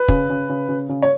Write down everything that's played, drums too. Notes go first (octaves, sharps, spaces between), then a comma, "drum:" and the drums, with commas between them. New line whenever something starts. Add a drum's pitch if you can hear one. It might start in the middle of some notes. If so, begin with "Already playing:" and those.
Already playing: B4
C#3, drum: kick
C#3
C#3
C#3
C#3
C#5